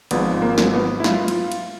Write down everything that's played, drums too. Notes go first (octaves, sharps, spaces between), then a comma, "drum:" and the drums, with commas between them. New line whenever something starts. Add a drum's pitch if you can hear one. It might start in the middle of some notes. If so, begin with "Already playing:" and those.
G#1 G#2 F3 B3, drum: cymbal
A#3
drum: snare
B3
E4
F4, drum: snare
drum: cymbal
drum: cymbal